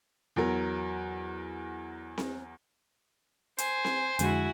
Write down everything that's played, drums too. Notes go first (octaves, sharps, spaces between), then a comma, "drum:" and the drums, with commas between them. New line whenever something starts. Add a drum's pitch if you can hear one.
E2 F#3 A#4
drum: snare C4
C5 G#5, drum: hi-hat
drum: snare C4
F2 D3 G#3 E4 F#4 G#5, drum: hi-hat